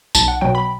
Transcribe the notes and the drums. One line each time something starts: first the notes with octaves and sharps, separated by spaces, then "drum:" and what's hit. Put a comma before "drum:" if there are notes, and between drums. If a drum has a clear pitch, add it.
B1 A5, drum: tambourine
F#5
B2 F#3 G5
B5